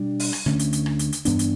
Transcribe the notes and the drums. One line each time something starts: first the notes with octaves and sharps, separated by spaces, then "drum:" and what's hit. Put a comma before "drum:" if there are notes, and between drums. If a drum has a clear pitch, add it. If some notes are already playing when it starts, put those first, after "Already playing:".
Already playing: B2 G3 D4
drum: open hi-hat
drum: rim click
D2 D3 A3 C#4, drum: rim click
drum: hi-hat
drum: hi-hat
drum: rim click
drum: hi-hat
drum: hi-hat
G2 E3 B3 D4, drum: hi-hat
drum: hi-hat